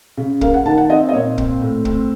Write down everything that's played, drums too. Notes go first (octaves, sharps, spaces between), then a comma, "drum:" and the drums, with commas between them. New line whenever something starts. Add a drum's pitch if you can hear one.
C#3
A#3 F5, drum: kick
F#5
D#3 A5
F#5
C4 D#5
D#5
A#2 C#5
C4, drum: kick
A2
C4, drum: kick